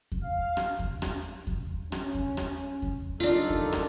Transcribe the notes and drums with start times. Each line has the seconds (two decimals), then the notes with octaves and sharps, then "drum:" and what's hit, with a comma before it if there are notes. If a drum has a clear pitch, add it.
0.12 drum: kick E2
0.21 F5
0.57 drum: rim click
0.79 drum: kick E2
1.02 drum: rim click
1.47 drum: kick E2
1.92 C#4, drum: rim click
2.15 drum: kick E2
2.37 drum: rim click
2.82 drum: kick E2
3.20 F#2 B2 G3 D4 D#4 F4 A4
3.50 drum: kick E2
3.72 drum: rim click